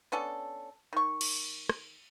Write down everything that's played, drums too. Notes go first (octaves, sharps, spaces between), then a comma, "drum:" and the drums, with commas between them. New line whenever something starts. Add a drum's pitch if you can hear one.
B3 C#4 D4 A4
D#3 C#6
drum: cymbal
drum: rim click